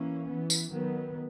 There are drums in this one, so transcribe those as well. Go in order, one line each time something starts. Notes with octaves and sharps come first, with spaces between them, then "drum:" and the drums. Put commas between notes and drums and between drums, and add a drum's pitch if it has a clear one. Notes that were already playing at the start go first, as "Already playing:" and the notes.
Already playing: E3 A#3 C#4
E3 B3
drum: tambourine
D#3 F#3 B3